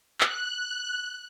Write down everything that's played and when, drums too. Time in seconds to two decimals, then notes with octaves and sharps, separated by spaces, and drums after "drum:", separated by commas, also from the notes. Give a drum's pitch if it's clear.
0.21 F#6, drum: clap